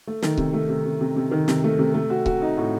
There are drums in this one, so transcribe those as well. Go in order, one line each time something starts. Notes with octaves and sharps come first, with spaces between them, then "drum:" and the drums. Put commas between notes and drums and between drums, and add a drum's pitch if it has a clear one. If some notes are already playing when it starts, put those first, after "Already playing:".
A3
D#3, drum: snare
C3, drum: kick C#1
A3
C3
C3
C3
C3
D#3
C3, drum: snare
A3
C3
A3
F#4
F#4, drum: kick C#1
D#4
A2